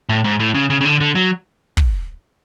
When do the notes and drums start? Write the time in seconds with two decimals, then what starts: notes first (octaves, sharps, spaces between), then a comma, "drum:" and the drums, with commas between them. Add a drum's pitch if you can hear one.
0.09 A2
0.24 G#2
0.40 A2
0.54 C#3
0.70 C#3
0.81 C#3
0.85 D3
1.01 D3
1.15 F#3
1.77 drum: kick